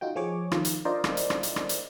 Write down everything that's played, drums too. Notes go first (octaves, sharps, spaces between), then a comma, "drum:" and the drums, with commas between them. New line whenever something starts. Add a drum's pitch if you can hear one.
D#4 F4 F#4 G5
F3 G#4 C#5 D6
D#3 F3 F4, drum: rim click
drum: hi-hat
D4 F4 A#4 C5 D5 D#5
drum: rim click
drum: hi-hat
drum: rim click
drum: hi-hat
drum: rim click
drum: hi-hat